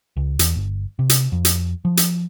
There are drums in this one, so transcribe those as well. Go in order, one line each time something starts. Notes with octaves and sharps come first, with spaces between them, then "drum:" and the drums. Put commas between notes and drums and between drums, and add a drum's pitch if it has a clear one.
C#2
E2, drum: hi-hat
G1
C3
drum: hi-hat
F2
drum: hi-hat
F3
drum: hi-hat